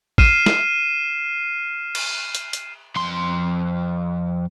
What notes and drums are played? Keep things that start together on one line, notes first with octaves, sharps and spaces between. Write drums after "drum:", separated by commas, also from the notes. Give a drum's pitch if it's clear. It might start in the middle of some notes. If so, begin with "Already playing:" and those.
F6 C7 D#7 E7, drum: kick
drum: snare
drum: cymbal
drum: hi-hat
drum: hi-hat
F2 C6